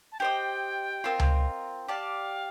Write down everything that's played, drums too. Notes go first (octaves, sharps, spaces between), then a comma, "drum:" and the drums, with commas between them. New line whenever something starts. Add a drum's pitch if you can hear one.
A5
G4 C5 D#5 G5
C4 F4 A#4 D#5
drum: tom C#2
G4 D5 F5 A5